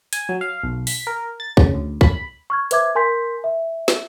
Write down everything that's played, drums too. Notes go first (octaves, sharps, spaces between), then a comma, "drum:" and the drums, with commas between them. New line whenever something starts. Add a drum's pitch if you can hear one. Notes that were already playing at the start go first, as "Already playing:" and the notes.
G#5, drum: hi-hat
F#3
F5
B1
B6, drum: open hi-hat
A#4
A6
C#3, drum: kick
D2
B5, drum: kick
C#6 F6 G#6
B4 C5 E5 D6 G#6, drum: hi-hat
A#4 G#5 C6 G6 B6
E5
drum: snare